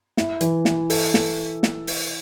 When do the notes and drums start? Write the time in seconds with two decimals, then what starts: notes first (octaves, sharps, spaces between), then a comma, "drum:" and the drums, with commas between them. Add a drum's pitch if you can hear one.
0.17 E4, drum: snare
0.41 E3, drum: hi-hat
0.65 E3, drum: snare
0.90 A4, drum: open hi-hat
1.14 A4, drum: snare
1.63 drum: snare
1.87 drum: open hi-hat